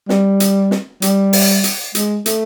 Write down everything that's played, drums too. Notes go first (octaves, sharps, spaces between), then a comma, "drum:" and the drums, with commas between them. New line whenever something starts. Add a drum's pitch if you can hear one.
G3, drum: snare
drum: hi-hat
drum: snare
G3, drum: hi-hat
drum: open hi-hat
drum: hi-hat
G#3, drum: hi-hat
A3, drum: hi-hat